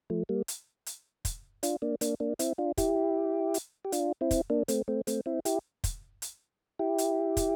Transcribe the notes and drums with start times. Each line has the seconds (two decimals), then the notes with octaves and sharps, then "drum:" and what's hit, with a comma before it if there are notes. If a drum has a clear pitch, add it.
0.10 F3 A3
0.29 G3 A#3
0.48 drum: hi-hat
0.86 drum: hi-hat
1.25 drum: kick, hi-hat
1.63 D4 F4, drum: hi-hat
1.82 A#3 D4
2.01 A#3 D4, drum: hi-hat
2.20 A#3 D4
2.39 C4 E4, drum: hi-hat
2.58 D4 F4
2.78 E4 G4, drum: kick, hi-hat
3.54 drum: hi-hat
3.85 G4
3.92 D4 F4, drum: hi-hat
4.21 C4 E4
4.31 drum: kick, hi-hat
4.50 A#3 D4
4.68 A3 C4, drum: hi-hat
4.88 A3 C4
5.07 A3 C4, drum: hi-hat
5.26 C4 E4
5.45 E4 G4, drum: hi-hat
5.84 drum: kick, hi-hat
6.22 drum: hi-hat
6.79 E4 G4
6.98 drum: hi-hat
7.37 drum: kick, hi-hat